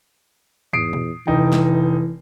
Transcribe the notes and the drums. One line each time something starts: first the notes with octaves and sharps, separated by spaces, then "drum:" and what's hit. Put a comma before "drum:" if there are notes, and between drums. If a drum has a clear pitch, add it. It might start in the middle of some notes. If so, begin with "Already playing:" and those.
E2 D#6 C7 D7, drum: tom
drum: tom A#2
F1 E3 D#4 G5
drum: snare